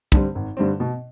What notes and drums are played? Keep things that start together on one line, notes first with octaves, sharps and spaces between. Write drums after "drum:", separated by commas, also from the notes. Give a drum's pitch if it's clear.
G2 D3 G3 C4, drum: kick
G#1
G2 D3 G3 C4
B2